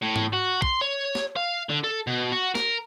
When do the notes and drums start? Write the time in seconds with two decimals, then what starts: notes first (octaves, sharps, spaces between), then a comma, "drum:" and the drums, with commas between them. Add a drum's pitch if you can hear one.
0.02 A2
0.16 drum: tom G#2
0.33 F#4
0.62 C6, drum: kick
0.81 C#5
1.15 drum: snare
1.37 F5
1.70 D3
1.84 A4
2.07 B2
2.32 F#4
2.55 A#4, drum: snare